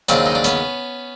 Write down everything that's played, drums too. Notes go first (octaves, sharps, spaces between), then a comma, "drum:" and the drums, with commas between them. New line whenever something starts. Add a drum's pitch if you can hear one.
D#2 C#3 F#3 C4 D4, drum: hi-hat
D#4
D4
B3 C#4, drum: hi-hat